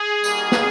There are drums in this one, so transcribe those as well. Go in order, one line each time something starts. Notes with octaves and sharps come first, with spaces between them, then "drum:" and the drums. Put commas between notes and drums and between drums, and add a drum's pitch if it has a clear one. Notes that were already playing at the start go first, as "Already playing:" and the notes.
Already playing: G#4
G3 A#3 D#4 F#4, drum: tambourine
drum: snare